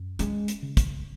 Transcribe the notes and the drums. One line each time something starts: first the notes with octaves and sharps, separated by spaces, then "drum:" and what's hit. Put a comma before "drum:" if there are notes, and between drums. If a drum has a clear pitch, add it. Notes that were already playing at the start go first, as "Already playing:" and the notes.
Already playing: F#2
G#3 C#4, drum: hi-hat
drum: hi-hat
C#3
drum: kick, hi-hat